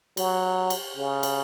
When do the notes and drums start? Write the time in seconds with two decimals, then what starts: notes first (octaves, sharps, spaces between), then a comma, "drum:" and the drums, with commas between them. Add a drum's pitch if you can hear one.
0.17 F#3, drum: cymbal
0.70 drum: cymbal
0.97 C#3
1.23 drum: cymbal